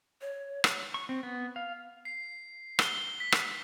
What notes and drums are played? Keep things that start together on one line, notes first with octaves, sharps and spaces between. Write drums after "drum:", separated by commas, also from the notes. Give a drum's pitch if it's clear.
C#5
drum: rim click
C#6
C4
B3
F5
C7
G7, drum: rim click
B6
drum: rim click